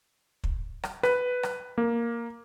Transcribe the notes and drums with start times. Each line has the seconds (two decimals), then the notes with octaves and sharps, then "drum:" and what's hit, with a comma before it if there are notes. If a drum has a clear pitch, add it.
0.44 drum: kick
0.83 drum: rim click
1.03 B4, drum: rim click
1.43 drum: rim click
1.78 A#3